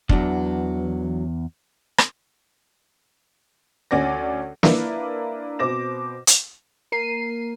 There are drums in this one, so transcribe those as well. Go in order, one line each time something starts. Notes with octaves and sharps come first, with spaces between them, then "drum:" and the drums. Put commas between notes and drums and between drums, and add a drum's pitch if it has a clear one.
E2 E3 F#3 D4, drum: kick
drum: rim click
D2 C#4 D5 A#6
A#3 D4 E4 A#4 B4 E5, drum: snare
B2 C4 C5 D6 A#6 E7
drum: hi-hat
A#3 A#4 C7 D#7